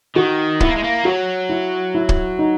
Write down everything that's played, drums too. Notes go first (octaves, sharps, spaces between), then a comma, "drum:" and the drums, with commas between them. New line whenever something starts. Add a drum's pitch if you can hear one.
D#3 F#4
B3 E4, drum: kick
A#3
G#3
A#3
F#3 F#4
E4
E4
drum: kick
D#4